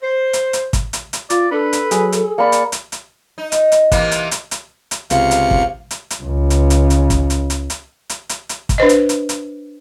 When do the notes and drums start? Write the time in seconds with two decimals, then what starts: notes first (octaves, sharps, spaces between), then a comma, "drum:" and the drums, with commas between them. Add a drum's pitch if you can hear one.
0.02 C5
0.33 drum: hi-hat
0.53 drum: hi-hat
0.73 drum: kick, hi-hat
0.93 drum: hi-hat
1.13 drum: hi-hat
1.30 F4 D5, drum: hi-hat
1.51 D4 A4 B4
1.73 drum: hi-hat
1.91 F#3 G#4, drum: hi-hat
2.12 drum: hi-hat
2.38 A#3 D5 B5 C#7
2.52 drum: hi-hat
2.72 drum: hi-hat
2.92 drum: hi-hat
3.38 D#4
3.52 drum: hi-hat
3.72 drum: hi-hat
3.92 C3 E3 A#3, drum: kick, hi-hat
4.11 drum: hi-hat
4.31 drum: hi-hat
4.51 drum: hi-hat
4.91 drum: hi-hat
5.10 C#2 C3 F5 C#7, drum: hi-hat
5.31 drum: hi-hat
5.51 drum: kick
5.91 drum: hi-hat
6.10 drum: hi-hat
6.23 C#2 C#3
6.50 drum: hi-hat
6.70 drum: hi-hat
6.90 drum: hi-hat
7.10 drum: kick, hi-hat
7.30 drum: hi-hat
7.50 drum: hi-hat
7.70 drum: hi-hat
8.10 drum: hi-hat
8.29 drum: hi-hat
8.49 drum: hi-hat
8.69 drum: kick, hi-hat
8.78 D4 B4 C5 D#5
8.89 drum: hi-hat
9.09 drum: hi-hat
9.29 drum: hi-hat